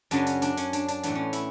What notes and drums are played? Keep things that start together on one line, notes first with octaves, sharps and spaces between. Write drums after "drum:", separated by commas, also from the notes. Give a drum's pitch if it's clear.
F#2 C#3 F#3 C#4 D4, drum: hi-hat
drum: hi-hat
D4, drum: hi-hat
C#4, drum: hi-hat
D4, drum: hi-hat
D4, drum: hi-hat
A2 E3 B3 D4, drum: hi-hat
C#4
E4, drum: hi-hat